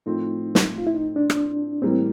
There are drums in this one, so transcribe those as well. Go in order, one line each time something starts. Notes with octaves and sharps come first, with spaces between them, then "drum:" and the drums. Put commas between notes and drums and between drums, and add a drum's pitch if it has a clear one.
A2 F3 A3 C4 D#4 F4
drum: snare
F4
E4
D#4
D4
drum: rim click
A2 E3 G3 A#3 C4